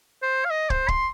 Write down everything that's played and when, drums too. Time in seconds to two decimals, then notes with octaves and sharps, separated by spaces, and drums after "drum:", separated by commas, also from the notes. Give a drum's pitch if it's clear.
0.22 C5
0.45 F5
0.50 D#5
0.70 C5, drum: kick
0.88 C6, drum: kick